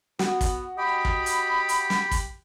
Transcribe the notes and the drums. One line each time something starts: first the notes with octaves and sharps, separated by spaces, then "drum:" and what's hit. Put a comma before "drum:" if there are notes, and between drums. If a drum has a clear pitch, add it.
B3 F#4, drum: snare
drum: kick, hi-hat
G4 D#5 B5
drum: kick
drum: hi-hat
drum: hi-hat
drum: snare
drum: kick, hi-hat